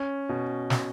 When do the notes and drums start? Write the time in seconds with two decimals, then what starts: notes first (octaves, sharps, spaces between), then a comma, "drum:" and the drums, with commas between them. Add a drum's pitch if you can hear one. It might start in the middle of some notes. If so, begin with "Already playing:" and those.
Already playing: C#4
0.29 B2
0.70 drum: snare